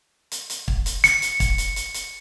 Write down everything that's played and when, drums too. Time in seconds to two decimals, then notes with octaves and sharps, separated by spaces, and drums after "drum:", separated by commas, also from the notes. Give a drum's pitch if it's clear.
0.32 drum: hi-hat
0.50 drum: hi-hat
0.68 drum: kick
0.86 drum: hi-hat
1.04 C#7, drum: hi-hat
1.22 drum: hi-hat
1.40 drum: kick, hi-hat
1.58 drum: hi-hat
1.76 drum: hi-hat
1.94 drum: hi-hat